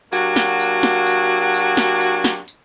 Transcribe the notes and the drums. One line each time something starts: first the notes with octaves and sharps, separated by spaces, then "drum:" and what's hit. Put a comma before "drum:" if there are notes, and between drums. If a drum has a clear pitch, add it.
F#3 A#3 D4 F#4 G4, drum: tambourine
drum: snare
drum: tambourine
drum: snare
drum: tambourine
drum: tambourine
drum: snare
drum: tambourine
drum: snare
drum: tambourine